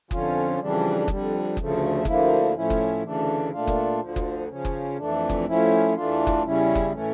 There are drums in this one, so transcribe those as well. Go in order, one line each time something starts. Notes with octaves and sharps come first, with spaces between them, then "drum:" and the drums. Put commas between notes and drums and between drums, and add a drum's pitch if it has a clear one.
F2 D3 F3 C#4 F4, drum: kick F#1
F2 C#3 E3 G3 D4
F2 D3 G3, drum: kick F#1
D2 C#3 F3 A3, drum: kick F#1
D2 D3 F3 A#3 E4, drum: kick F#1
A2 F3 C#4 E4
drum: kick F#1
D2 C#3 E3 A3 D4
A#2 A3 D4 F4
drum: kick F#1
D2 D3 F3
drum: kick F#1
C#3 F3 C#4
drum: kick F#1
F2 E3 A3 D4
drum: kick F#1
A2 F3 C#4 E4
E2 E3 A3 D4 F4
drum: kick F#1
E2 C#3 G3 C#4 E4
drum: kick F#1
A2 E3 A3 C#4